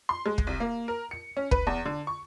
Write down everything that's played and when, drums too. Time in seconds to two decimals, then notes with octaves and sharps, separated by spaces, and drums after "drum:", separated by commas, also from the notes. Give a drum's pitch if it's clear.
0.09 C6
0.26 G#3
0.38 drum: kick
0.47 C2
0.60 A#3
0.88 A#4
1.11 C#7
1.37 C#4
1.51 B4, drum: kick
1.67 E2
1.85 D3
2.07 C#6